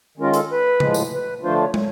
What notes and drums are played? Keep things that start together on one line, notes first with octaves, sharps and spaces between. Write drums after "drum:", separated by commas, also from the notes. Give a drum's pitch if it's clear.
D#3 G#3 C#4 F4 A#4
A4, drum: hi-hat
B4
A2 F3 G#3, drum: tom C#3
drum: tambourine
B4
D3 F3 A3 D4 F4 C5
C#5
C#5, drum: tom